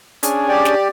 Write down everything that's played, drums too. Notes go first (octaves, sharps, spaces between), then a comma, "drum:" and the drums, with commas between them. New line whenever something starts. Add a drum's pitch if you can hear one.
C#4 D4 G#4, drum: hi-hat
G4 D5
drum: snare